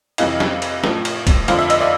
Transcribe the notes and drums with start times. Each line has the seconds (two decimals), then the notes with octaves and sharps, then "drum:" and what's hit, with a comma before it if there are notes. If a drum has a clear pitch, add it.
0.18 F2 C3 E3 D#5 F5, drum: cymbal
0.40 drum: snare
0.62 drum: cymbal
0.84 A2 F3, drum: snare
1.05 drum: cymbal
1.27 drum: kick, cymbal
1.48 F2 D3 F3 F5, drum: cymbal
1.59 E5
1.70 D#5, drum: cymbal
1.80 D5 E5